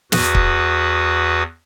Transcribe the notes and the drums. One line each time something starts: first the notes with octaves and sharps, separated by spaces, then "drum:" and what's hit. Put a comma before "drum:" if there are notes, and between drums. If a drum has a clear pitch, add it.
E2 F#4 B4 D#6, drum: snare
drum: kick C#1